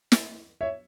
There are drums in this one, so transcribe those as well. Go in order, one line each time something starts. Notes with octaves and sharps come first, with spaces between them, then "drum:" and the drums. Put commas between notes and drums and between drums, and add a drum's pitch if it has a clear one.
drum: snare
C#5 E5